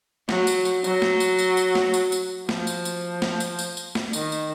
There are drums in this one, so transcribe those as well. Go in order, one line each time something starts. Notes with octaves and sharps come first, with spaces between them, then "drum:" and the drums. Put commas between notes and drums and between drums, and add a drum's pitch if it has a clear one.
F#3, drum: snare
drum: tambourine
drum: tambourine
F#3, drum: tambourine
drum: snare
drum: tambourine
drum: tambourine
drum: tambourine
drum: snare
drum: tambourine
drum: tambourine
F3, drum: snare
drum: tambourine
drum: tambourine
drum: snare
drum: tambourine
drum: tambourine
drum: tambourine
drum: snare
D#3, drum: tambourine
drum: tambourine